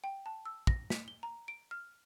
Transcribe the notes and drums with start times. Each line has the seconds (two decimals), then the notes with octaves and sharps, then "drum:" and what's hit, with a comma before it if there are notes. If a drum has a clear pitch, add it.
0.04 G5
0.26 A5
0.46 E6
0.67 A#6, drum: kick
0.90 B6, drum: snare
1.08 G7
1.23 A#5
1.48 D7
1.71 F6